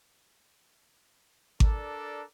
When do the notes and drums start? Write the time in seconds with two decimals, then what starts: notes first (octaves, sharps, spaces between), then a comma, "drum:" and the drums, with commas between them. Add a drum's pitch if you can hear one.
1.60 D4 A4 A#4 D5, drum: kick G#1